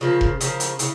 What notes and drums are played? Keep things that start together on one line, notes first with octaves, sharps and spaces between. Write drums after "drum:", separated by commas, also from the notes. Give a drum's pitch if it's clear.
C#3 F3 A#3 F4
drum: kick F1
C#3 F3 A#3, drum: hi-hat
drum: hi-hat
C#3 E4, drum: hi-hat